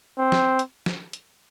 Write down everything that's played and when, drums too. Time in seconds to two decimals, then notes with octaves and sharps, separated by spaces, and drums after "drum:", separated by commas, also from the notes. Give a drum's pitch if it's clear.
0.18 C4
0.32 drum: snare
0.59 drum: hi-hat
0.86 drum: snare
1.13 drum: hi-hat